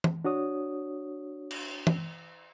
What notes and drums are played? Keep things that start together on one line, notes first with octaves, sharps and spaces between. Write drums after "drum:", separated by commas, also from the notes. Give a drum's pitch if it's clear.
drum: tom
D4 F#4 C#5 D#6
drum: cymbal
drum: tom